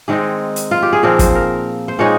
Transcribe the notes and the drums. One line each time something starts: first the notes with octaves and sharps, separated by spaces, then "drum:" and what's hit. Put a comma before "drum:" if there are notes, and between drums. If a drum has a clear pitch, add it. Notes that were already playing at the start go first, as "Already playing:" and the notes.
D#3 G#3 C4 D#4 G#4
drum: hi-hat
F4
G4
G#4
A#2 F3 C4 A#4
C5, drum: kick, hi-hat
A#4
C5
A#2 G#3 C4 D#4 C#5